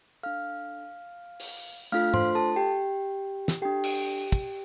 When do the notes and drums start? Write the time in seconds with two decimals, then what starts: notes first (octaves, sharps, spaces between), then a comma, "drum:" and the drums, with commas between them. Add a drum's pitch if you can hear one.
0.23 D4 A4 F5 F6
1.40 drum: open hi-hat
1.92 A3 D4 F4 A4 F5 F6, drum: tambourine
2.14 C5 C6, drum: tom G#2
2.35 A4 A5
2.56 G4 G5
3.48 drum: snare
3.62 D4 G4 A4 G5
3.84 drum: cymbal
4.32 drum: kick